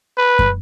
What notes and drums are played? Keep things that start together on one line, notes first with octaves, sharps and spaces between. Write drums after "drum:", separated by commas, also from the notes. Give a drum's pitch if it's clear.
B4
drum: kick